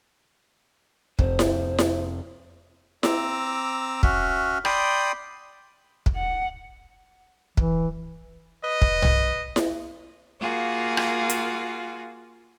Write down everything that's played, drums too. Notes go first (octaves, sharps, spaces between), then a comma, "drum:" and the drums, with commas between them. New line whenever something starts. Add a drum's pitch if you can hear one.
F1 C5, drum: kick
drum: snare E4
drum: snare E4
C4 A#5 D6 E6, drum: snare E4
C#4 F#4 E5 F6, drum: kick
D5 G5 B5 C6 D#6, drum: rim click
drum: kick
F#5
E3, drum: kick
B4 D#5
drum: kick
drum: tom B1
drum: snare E4
A#3 F4 F#4 G#4
drum: rim click
drum: hi-hat